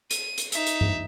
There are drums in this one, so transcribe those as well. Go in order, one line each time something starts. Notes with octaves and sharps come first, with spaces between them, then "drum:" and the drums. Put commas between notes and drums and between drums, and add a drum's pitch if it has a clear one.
D#7, drum: hi-hat
drum: hi-hat
D#4 E5, drum: hi-hat
drum: hi-hat
drum: tom G2